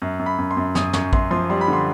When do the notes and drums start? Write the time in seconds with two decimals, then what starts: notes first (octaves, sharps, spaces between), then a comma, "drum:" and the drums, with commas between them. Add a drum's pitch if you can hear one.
0.02 F#2
0.19 F#2
0.26 B5
0.38 F#2
0.51 C6
0.57 F#2
0.75 F#2 D#6, drum: snare
0.93 F#2 C#6, drum: snare
1.13 F#2 C6, drum: kick
1.31 F3 C6
1.50 G3 C6
1.61 B5
1.68 D3
1.73 C6